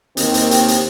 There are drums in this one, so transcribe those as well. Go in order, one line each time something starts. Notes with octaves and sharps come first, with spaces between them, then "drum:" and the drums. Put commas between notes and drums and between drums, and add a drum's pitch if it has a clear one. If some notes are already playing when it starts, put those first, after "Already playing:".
D#2 D#3 C4, drum: hi-hat
drum: hi-hat
drum: hi-hat
drum: hi-hat